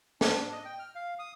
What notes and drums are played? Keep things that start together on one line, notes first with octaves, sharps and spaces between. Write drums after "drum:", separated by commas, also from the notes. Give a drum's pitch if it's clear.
D4, drum: snare
D4
D#5
G5
F6
F5
D#6